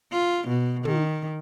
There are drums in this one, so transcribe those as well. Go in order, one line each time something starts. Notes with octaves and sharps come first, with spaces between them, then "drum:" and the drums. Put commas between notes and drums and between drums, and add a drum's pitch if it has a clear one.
F4
B2
D#3, drum: tom